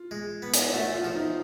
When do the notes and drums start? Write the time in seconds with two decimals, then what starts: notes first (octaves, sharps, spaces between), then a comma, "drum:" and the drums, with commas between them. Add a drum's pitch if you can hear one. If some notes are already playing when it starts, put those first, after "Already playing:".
Already playing: F4
0.11 G#3
0.42 B3
0.54 drum: hi-hat
0.73 A3 F#4
0.94 F4
1.04 F3
1.15 D#4